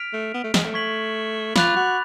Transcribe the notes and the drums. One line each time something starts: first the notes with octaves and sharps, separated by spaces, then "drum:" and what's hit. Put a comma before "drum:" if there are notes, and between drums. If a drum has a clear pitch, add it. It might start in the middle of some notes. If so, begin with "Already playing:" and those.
Already playing: F6 B6 D7 F7
A3
B3
A3
G#3, drum: snare
A3
C#6 G#6 B6 F#7
F4 B5 D6 F#6 A6 F7, drum: snare
F#4